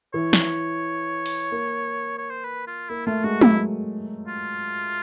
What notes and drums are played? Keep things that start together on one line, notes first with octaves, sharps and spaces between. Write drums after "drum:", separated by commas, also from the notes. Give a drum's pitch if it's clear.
E3 C#5
drum: snare
drum: open hi-hat
A#3
C#5
C5
B4
F4
A#3 E4
A3 F4
G#3 F#4
F#3 E4, drum: tom G#3
F4